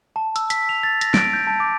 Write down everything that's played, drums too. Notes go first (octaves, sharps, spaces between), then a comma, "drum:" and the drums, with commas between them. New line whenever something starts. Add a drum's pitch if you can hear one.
A5
E6, drum: hi-hat
B6, drum: hi-hat
F7
A6
A#6, drum: hi-hat
D7, drum: snare
G6
A5
D6